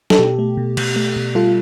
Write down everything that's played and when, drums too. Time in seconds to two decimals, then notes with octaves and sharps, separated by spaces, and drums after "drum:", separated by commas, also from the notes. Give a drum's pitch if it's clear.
0.10 A4, drum: snare
0.19 B2 G4
0.39 A3
0.57 B2
0.77 B2, drum: cymbal
0.96 A3
1.16 B2
1.35 G3 F4 A4